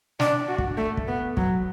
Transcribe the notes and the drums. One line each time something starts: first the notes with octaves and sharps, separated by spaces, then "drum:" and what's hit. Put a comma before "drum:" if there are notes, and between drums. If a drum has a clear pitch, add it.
D4, drum: snare
F#4
drum: kick
A3
drum: kick
B3
F#3, drum: kick